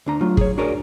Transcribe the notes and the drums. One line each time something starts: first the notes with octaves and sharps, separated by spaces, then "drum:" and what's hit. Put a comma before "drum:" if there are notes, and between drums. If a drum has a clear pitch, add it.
D2 D4 A#5
F#3 A3 F4
G#4 C#5, drum: kick
D4 F#4 G#4 A#4 C#5 D5